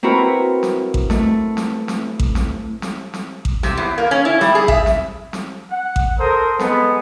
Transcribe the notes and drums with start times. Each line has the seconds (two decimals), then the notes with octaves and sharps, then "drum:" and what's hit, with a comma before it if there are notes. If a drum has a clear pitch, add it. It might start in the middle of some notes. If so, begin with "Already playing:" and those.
0.03 C4 E4 F#4 A#4 B4
0.63 drum: snare
0.94 drum: kick A1
1.10 A3, drum: snare
1.57 drum: snare
1.88 drum: snare
2.20 drum: kick A1
2.35 drum: snare
2.82 drum: snare
3.14 drum: snare
3.45 drum: kick A1
3.63 C3, drum: snare
3.77 E2
3.98 A#3
4.11 C#4
4.25 E4
4.41 G3, drum: snare
4.55 G#4
4.68 E5, drum: kick A1
4.86 drum: snare
5.33 drum: snare
5.71 F#5
5.96 drum: kick A1
6.18 A4 A#4 C5 D#6
6.60 G#3 B3 G#4 A4, drum: snare